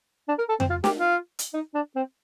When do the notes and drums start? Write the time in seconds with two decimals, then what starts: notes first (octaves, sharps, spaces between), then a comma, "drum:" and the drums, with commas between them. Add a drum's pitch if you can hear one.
0.28 D4
0.38 A#4
0.49 A4
0.60 C4, drum: tom F2
0.70 F4
0.84 G4, drum: snare
0.99 F4
1.39 drum: hi-hat
1.54 D#4
1.74 D4
1.96 C4